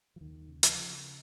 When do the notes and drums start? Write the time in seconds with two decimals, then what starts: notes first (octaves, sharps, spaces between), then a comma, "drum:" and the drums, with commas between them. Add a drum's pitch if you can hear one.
0.16 F3
0.21 D#2 D#3
0.49 C#3
0.63 F3, drum: hi-hat
0.76 C#3